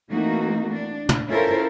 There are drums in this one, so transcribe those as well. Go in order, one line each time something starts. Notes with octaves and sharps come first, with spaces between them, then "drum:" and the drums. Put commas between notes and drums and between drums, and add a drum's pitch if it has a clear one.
E3 A3 A#3 C4 D#4 F#4
D4
drum: tom
C#4 E4 F4 A4 A#4 C5